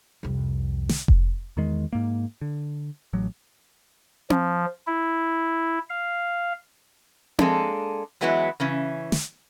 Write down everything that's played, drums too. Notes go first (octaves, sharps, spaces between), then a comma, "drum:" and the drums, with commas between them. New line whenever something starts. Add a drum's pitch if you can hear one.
C2 F2
drum: snare
drum: kick F1
E2 D#3 G#3
G#2 A#3
D3
A1 F#3
F3, drum: tom C4
E4
F5
G#3 A#3 D4 A4, drum: tom C4
E3 F#3 G#3 B3 E4 F#4
C#3 E3 C#4
drum: snare